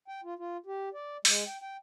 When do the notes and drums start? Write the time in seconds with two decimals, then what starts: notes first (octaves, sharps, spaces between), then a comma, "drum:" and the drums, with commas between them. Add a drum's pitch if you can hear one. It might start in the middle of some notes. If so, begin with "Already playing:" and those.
0.08 G5
0.24 F4
0.39 F4
0.66 G4
0.94 D5
1.25 G#3, drum: open hi-hat
1.47 G5
1.62 G5